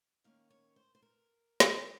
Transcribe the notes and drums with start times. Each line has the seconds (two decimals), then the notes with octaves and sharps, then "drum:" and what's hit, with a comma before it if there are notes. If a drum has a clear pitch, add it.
0.24 D#3 A#3 C#4 F5
0.50 C#5
0.76 C5
0.95 C5
1.02 A#4
1.60 drum: snare
1.72 F4
1.80 C#3 G#3 C4 F#4